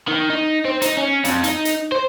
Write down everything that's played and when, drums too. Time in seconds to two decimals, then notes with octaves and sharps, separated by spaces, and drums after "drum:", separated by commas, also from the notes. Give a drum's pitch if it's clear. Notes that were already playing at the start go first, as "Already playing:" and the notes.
0.07 D#3
0.29 D#4
0.65 C4
0.82 D#4, drum: hi-hat
0.97 C#4
1.25 F2, drum: hi-hat
1.44 D#4, drum: hi-hat
1.65 drum: hi-hat
1.92 C5